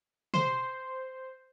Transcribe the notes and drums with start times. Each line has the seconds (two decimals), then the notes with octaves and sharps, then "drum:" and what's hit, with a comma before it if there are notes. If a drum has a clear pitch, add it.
0.34 C5 C6, drum: tom